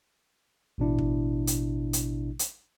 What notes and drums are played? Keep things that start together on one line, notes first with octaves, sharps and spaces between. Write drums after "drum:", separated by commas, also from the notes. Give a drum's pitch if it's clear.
A1 B2 D4 E4
drum: kick
drum: hi-hat
drum: hi-hat
drum: hi-hat